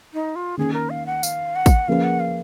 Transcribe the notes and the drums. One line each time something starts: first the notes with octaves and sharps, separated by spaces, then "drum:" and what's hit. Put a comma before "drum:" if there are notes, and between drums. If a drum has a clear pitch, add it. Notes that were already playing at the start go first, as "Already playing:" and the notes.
D#4
F4
D#3 A#3 C#4 G#4
A#4
F5
F#5
F5, drum: tambourine
F#5
drum: kick, tambourine
F3 A#3 C#4 G#4 B4 F5
F#5
F5